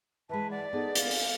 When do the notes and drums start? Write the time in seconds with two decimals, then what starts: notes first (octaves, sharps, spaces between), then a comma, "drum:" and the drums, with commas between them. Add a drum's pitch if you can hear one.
0.29 E3 G#3 B4 A5
0.50 D5 F#5
0.73 B3 D#4 G#4 A4
0.95 F5, drum: hi-hat
1.11 drum: open hi-hat